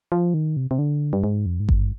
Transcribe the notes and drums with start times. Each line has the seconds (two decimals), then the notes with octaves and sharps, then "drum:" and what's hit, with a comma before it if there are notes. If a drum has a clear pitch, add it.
0.12 F3
0.34 D#3
0.57 C3
0.71 C3
0.79 D3
1.13 G2
1.24 G#2
1.46 F2
1.60 G#2
1.69 G2, drum: kick G#1